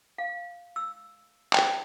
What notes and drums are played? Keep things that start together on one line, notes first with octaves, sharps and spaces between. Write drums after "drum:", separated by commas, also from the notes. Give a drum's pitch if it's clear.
F5
E6
G5, drum: clap